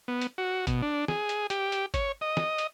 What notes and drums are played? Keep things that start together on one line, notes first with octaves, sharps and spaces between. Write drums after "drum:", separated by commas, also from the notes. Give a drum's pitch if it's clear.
B3
drum: hi-hat
F#4
B2, drum: kick G1, hi-hat
D4
G#4, drum: snare
drum: hi-hat
G4, drum: hi-hat
drum: hi-hat
C#5, drum: kick G1, hi-hat
D#5
drum: snare
drum: hi-hat